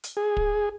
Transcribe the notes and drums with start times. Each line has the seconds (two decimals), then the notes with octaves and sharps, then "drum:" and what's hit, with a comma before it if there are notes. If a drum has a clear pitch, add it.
0.04 drum: hi-hat
0.17 G#4
0.37 drum: kick